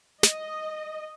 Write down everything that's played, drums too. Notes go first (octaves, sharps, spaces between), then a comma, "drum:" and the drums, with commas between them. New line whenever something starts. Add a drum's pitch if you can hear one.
D#5, drum: snare